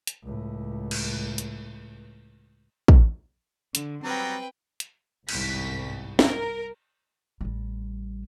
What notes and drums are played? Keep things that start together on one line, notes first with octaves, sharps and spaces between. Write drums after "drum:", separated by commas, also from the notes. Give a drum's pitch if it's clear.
drum: hi-hat
C#2 A2
drum: cymbal
drum: hi-hat
drum: kick
D3, drum: hi-hat
F#3 G3 C4 B4 G5 A#5
drum: hi-hat
G1 C2 G#2 B6, drum: cymbal
A#4, drum: snare
A1 G3